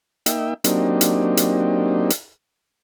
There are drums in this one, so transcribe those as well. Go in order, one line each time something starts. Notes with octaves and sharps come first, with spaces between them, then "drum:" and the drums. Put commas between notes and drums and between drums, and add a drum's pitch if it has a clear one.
A#3 D#4 E5 G5, drum: hi-hat
F#3 A#3 C4 D4 D#4 G4, drum: hi-hat
drum: hi-hat
drum: hi-hat
drum: hi-hat